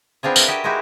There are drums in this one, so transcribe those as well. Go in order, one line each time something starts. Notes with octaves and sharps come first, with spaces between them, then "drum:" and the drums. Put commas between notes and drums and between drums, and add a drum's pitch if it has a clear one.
B3 C4 D4 F4 G#4
A#4 B4 E5, drum: tambourine
F#4 G4 D#5 E5 G5 G#5
G#3 D#4 E4 F#4 G4